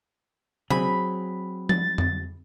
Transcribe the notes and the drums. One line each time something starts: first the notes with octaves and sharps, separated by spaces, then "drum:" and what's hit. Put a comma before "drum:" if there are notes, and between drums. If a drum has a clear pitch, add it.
F#3 C4 G#4 B5, drum: tom C3
A6, drum: tom F3
drum: tom F2